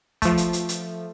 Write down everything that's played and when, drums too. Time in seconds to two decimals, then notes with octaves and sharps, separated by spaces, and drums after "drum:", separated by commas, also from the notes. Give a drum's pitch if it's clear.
0.22 F3 A3, drum: kick, hi-hat
0.37 drum: hi-hat
0.53 drum: hi-hat
0.69 drum: hi-hat